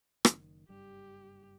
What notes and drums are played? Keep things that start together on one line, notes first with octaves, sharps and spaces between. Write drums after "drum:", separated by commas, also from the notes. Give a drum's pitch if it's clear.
F#1 D#3, drum: rim click
F#1 G2 G3 G4